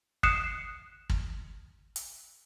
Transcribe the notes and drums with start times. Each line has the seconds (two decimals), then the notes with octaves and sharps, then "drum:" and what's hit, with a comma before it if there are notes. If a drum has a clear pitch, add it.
0.23 D#6 F#6 C7 C#7 E7, drum: kick
1.10 drum: kick
1.96 drum: hi-hat